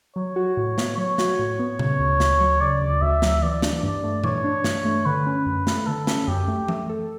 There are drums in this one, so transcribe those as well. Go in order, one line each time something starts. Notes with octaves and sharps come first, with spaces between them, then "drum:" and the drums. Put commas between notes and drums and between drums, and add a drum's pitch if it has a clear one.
F#3 C#5
F#4
A2
B3, drum: snare
F#3 C#5
F#4, drum: snare
A2
B3
C#3, drum: tom A#2
D2
D2, drum: snare
F#3
C#3 D5
D2
D2 E5
F#3, drum: snare
E3 D5
D4, drum: snare
G2
A3
E3 C#5, drum: tom A#2
D4
G2, drum: snare
A3
D3 B4
C#4
F#2
A3, drum: snare
D3 A4
C#4, drum: snare
F#2 G4
A3
A3, drum: tom E3
A4